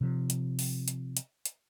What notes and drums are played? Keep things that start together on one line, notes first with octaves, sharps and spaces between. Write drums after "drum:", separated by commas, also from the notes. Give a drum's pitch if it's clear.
C3 F3
drum: hi-hat
drum: open hi-hat
drum: hi-hat
drum: hi-hat
drum: hi-hat